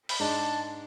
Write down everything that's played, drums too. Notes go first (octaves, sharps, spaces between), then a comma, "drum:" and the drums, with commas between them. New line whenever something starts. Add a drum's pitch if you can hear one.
B5, drum: open hi-hat
G#2 G#3 D4 A5